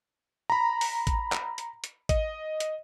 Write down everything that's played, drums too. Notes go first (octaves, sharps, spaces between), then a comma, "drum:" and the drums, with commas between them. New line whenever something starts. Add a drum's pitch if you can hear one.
A#5 B5
drum: open hi-hat
drum: kick A1, hi-hat
drum: clap
drum: hi-hat
drum: hi-hat
D#5, drum: kick A1, hi-hat
drum: hi-hat